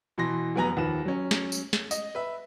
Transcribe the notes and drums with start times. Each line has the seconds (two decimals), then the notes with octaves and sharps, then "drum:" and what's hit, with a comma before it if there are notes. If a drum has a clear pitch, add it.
0.18 B2 E3 C6 A#6
0.56 F1 F#3 B3 G#5 A#5 A#6
0.77 D#2 F3 B4 E7
1.05 F#3 C#4
1.31 drum: snare
1.52 drum: tambourine
1.73 drum: snare
1.91 D#5, drum: tambourine
2.15 B4 E5